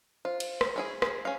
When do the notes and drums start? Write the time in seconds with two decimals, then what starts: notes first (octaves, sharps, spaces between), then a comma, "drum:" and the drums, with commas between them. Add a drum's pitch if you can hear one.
0.25 F4 C5
0.40 drum: cymbal
0.61 drum: rim click
0.76 C#4 E4 G#4
1.02 G#4, drum: rim click
1.25 C#4 F5